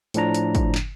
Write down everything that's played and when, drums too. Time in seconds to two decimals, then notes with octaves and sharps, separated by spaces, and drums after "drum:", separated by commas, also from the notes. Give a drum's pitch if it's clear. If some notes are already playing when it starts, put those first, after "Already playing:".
0.14 A2 F3 D4 A#5, drum: hi-hat
0.35 drum: hi-hat
0.55 drum: kick, hi-hat
0.75 drum: clap